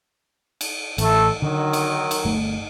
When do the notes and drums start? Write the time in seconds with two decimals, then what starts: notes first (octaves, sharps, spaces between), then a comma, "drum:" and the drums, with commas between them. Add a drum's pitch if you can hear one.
0.61 drum: cymbal
0.98 A1 A3 A4, drum: cymbal
1.42 D3 D#3 F#3
1.73 drum: cymbal
2.11 drum: cymbal
2.25 G1 A3